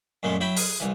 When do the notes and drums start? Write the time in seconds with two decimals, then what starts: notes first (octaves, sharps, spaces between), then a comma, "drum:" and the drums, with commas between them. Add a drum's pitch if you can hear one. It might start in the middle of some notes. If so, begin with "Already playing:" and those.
0.23 F#2 A#2 G#3 A3
0.41 F#3 E4 G5 B5
0.56 G#4, drum: open hi-hat
0.80 C2 E3